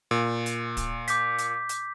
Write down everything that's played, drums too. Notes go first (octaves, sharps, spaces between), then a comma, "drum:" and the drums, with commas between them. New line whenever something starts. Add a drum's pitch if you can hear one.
A#2
drum: hi-hat
drum: kick D1, hi-hat
D6 G6 B6, drum: hi-hat
drum: hi-hat
drum: hi-hat